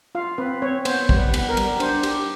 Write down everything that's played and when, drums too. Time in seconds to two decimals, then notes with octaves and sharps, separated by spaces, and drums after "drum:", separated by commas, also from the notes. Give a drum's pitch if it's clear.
0.15 F4 F5
0.38 C4 B4
0.62 C4 C#5
0.85 B3 C5, drum: cymbal
1.09 G3, drum: kick
1.17 B4
1.34 B3, drum: cymbal
1.49 A#4
1.57 G3, drum: cymbal
1.80 D4 C5, drum: cymbal
2.03 G4, drum: cymbal